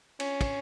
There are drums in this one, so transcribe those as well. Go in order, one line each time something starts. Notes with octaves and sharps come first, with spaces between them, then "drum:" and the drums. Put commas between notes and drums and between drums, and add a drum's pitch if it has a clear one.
C#4, drum: cymbal
drum: kick, cymbal